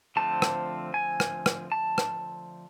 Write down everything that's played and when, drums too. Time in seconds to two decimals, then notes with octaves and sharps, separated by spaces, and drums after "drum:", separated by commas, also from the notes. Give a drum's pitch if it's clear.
0.16 D3 F3 A3 C4 A5
0.42 drum: rim click
0.94 G#5
1.20 drum: rim click
1.46 drum: rim click
1.72 A5
1.98 drum: rim click